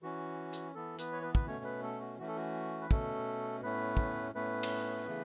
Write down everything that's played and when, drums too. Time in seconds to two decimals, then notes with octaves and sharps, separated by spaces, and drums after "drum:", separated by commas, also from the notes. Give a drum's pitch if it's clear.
0.02 E3 C#4 F#4
0.53 drum: hi-hat
0.75 E3 B3 A4
0.99 B3 B4, drum: hi-hat
1.12 C#5
1.22 B3 B4
1.35 B4, drum: kick
1.47 B2 A3 C#4 C#5
1.64 B3 B4
1.83 A4
2.01 F#4
2.19 E3 A3 C#4 F#4
2.28 A4
2.36 F#4
2.81 B4
2.91 B2 A3 C#4 A4, drum: kick
3.63 A2 A3 B3 C#4 B4
3.97 drum: kick
4.34 A2 A3 B3 C#4 B4
4.63 drum: cymbal
5.07 C#3 E3 A3